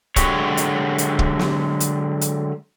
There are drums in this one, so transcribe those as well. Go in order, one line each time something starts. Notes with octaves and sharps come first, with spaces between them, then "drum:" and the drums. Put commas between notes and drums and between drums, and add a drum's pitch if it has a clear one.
D3 F#3 G#3 F#4 G4 C#5, drum: kick, hi-hat
drum: hi-hat
drum: hi-hat
drum: kick
drum: snare
drum: hi-hat
drum: hi-hat